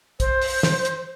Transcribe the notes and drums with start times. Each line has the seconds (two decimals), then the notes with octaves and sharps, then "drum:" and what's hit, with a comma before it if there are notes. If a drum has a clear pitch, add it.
0.20 C5, drum: kick, hi-hat
0.42 drum: open hi-hat
0.63 drum: snare
0.85 drum: hi-hat